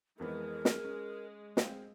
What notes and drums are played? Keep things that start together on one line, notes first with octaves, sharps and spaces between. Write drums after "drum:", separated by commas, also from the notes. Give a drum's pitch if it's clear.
F2 E3 G#3 B3 A#4
drum: snare
C#4
C4 F5 G5, drum: snare